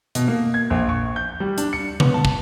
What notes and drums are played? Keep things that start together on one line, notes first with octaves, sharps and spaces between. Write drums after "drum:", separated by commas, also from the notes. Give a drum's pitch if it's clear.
B2, drum: hi-hat
A#3
G#6
A#1
C#6
G6
G3
D4, drum: hi-hat
C#7
B3, drum: tom C3
A5
drum: kick